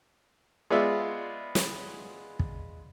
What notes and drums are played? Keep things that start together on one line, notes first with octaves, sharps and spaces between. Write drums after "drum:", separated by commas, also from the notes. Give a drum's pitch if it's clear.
G#3 B3 F4 D5 E5
drum: snare
drum: kick